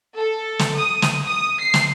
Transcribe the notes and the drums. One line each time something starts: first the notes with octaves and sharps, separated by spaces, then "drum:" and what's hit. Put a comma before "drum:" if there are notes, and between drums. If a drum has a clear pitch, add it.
A4
drum: snare
D#6
drum: snare
D#6
C7
drum: snare